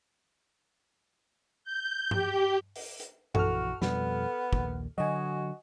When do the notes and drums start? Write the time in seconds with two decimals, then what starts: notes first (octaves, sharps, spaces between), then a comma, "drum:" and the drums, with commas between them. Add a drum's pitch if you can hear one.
1.64 G6
2.11 G4, drum: tom G2
2.76 drum: open hi-hat
3.00 drum: hi-hat
3.35 A#1 E3 F#4 A4 F6, drum: tom F#2
3.82 F2 B2 G3 B3, drum: snare
4.53 A#1 D#2 A#2, drum: kick
4.98 D3 F#3 F#4 D#5 G#5